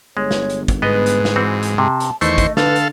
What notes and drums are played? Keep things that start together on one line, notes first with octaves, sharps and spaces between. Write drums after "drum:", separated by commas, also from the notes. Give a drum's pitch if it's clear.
G1 G#3 C#5
drum: snare
drum: hi-hat
drum: kick, hi-hat
G#2 B3 B4 D#5
drum: hi-hat
drum: snare
E3 C4 F#4
drum: hi-hat
C3 A5
drum: hi-hat
E2 D#3 A3 C5 D#5 C#6, drum: hi-hat
drum: kick, hi-hat
D3 A4 B4 F5, drum: snare
drum: hi-hat